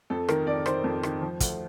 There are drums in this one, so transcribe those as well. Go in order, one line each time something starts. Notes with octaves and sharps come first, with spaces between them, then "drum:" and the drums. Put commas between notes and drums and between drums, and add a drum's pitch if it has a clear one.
F2 A4
D#3 A#4, drum: rim click
F2 D5
D#3 C5, drum: rim click
F2
D#3, drum: rim click
F3
D2, drum: kick, hi-hat